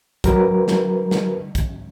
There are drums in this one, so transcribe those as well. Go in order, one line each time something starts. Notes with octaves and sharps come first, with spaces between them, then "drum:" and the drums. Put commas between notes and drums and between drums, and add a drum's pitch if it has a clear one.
F#3 A#4 B4, drum: kick A#1, hi-hat
drum: snare
drum: snare
drum: kick A#1, hi-hat